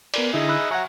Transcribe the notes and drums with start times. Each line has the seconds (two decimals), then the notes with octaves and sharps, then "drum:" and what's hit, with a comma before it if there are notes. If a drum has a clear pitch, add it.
0.14 B3 A#4 D5, drum: cymbal
0.34 D3 D#4 E4 G#4 E5
0.49 B5 E6 F#6
0.71 F#3 E5 F#5 G#5 A#5 C#6